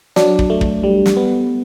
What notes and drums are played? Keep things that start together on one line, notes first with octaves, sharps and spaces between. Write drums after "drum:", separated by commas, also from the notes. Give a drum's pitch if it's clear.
F#3 D4, drum: snare
drum: kick
A3
drum: kick
G3
drum: snare
B3